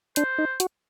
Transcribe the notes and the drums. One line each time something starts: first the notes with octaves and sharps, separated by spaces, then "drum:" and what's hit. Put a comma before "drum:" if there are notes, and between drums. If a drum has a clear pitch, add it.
D4 C5, drum: hi-hat
D#4
F#4, drum: hi-hat